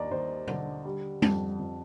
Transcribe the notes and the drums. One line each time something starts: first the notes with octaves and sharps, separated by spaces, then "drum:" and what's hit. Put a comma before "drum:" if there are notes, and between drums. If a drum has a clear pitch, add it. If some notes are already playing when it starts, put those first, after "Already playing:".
Already playing: D#2 G3 D5 D#5 A#5
D#2 C5
D3, drum: tom
G3
F2, drum: tom G3
F2